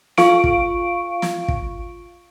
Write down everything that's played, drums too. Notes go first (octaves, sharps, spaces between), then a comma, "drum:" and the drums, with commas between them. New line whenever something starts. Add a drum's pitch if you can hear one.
F4 F5 C#6 D7, drum: snare
drum: kick
drum: snare
drum: kick